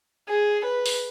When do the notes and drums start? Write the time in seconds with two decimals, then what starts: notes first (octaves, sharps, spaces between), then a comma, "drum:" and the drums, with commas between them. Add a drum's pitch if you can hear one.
0.28 G#4
0.64 B4
0.86 drum: open hi-hat